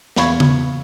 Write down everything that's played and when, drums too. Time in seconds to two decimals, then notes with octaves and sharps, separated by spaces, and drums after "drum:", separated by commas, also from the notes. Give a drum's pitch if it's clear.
0.16 E2 F5 B5 C#6 G#6, drum: snare
0.40 drum: tom C#3